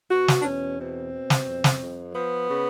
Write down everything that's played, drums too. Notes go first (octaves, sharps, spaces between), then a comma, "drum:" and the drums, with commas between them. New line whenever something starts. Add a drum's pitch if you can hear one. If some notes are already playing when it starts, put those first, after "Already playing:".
B2 F#4
drum: snare
D4
E2 C#4
B2 C4
B2
drum: snare
F2
drum: snare
F2
F3 B3
C#3